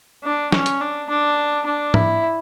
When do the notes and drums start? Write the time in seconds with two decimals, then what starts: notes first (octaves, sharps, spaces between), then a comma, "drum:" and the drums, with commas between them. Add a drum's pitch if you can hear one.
0.24 D4
0.52 C#4, drum: snare
0.66 drum: hi-hat
0.81 D4
1.09 D4
1.66 D4
1.94 E4, drum: tom G#2